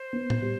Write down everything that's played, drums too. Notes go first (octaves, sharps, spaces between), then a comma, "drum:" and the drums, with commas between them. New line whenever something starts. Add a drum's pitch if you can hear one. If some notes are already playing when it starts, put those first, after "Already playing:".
Already playing: C5
B3
drum: tom A2
G3